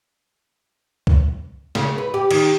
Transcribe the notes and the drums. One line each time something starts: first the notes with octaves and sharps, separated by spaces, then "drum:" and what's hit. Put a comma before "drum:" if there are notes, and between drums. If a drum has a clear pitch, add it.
drum: kick
C#3, drum: snare
B4
G4
D#3, drum: cymbal